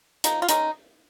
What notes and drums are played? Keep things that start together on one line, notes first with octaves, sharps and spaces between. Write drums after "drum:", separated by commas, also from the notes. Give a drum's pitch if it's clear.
F3 D#4, drum: hi-hat
F4
G#3 C#4 D#4, drum: hi-hat